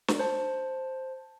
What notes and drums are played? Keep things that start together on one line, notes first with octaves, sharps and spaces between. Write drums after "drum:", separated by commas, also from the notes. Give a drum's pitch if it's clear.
drum: snare
C5 A5